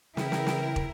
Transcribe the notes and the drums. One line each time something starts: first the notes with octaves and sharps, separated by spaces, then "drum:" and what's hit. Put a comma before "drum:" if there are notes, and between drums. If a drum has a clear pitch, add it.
C#3 E3 E4 A#4 G5, drum: snare
drum: snare
drum: snare
drum: kick